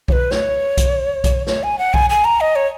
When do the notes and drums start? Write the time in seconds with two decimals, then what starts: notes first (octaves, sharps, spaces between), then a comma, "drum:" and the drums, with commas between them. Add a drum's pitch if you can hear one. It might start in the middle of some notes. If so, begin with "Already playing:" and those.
0.08 C#5, drum: kick B1
0.12 B4
0.31 C#5, drum: snare
0.78 drum: kick B1, hi-hat
1.24 drum: kick B1, hi-hat
1.47 C#5, drum: snare
1.63 G#5
1.79 F#5
1.94 G#5, drum: kick B1
2.10 G#5
2.25 A#5
2.41 D#5
2.56 C#5